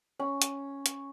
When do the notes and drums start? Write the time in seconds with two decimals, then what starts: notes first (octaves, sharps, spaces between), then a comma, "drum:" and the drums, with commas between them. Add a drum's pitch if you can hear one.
0.19 C#4
0.42 drum: hi-hat
0.86 drum: hi-hat